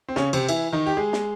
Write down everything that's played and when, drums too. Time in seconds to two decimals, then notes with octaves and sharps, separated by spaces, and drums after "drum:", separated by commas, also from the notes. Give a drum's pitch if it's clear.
0.08 C4
0.16 C#3 C#4, drum: snare
0.33 C3 C4, drum: cymbal
0.49 E3 E4, drum: cymbal
0.73 D#3 D#4
0.86 G4
0.97 G#3 G#4
1.13 drum: snare